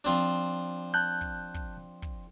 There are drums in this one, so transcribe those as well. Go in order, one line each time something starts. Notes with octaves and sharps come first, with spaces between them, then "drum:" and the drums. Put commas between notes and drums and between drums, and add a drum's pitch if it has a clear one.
F3 C4 D4
A5 F#6 G6
drum: kick
drum: kick
drum: kick